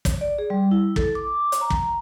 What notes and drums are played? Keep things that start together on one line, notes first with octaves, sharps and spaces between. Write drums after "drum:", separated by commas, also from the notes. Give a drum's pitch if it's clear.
drum: kick, hi-hat
D5
G#4
G3
E4
A4, drum: kick
D6
drum: hi-hat
A#5
drum: kick